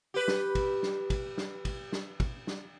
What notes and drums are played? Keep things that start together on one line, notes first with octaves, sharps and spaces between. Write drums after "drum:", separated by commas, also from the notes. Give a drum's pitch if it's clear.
G4 B4
drum: snare
drum: kick, cymbal
drum: snare
drum: kick, cymbal
drum: snare
drum: kick, cymbal
drum: snare
drum: kick, cymbal
drum: snare